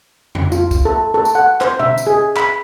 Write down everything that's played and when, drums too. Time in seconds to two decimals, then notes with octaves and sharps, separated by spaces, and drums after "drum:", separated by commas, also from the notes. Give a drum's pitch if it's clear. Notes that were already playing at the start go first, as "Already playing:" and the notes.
0.35 drum: tom F2
0.52 F4, drum: tambourine
0.71 drum: kick, tambourine
0.85 A4
1.14 A4
1.25 drum: tambourine
1.35 F#5
1.61 C5, drum: clap
1.79 E5, drum: tom B2
1.98 drum: tambourine
2.07 G#4
2.36 B5, drum: clap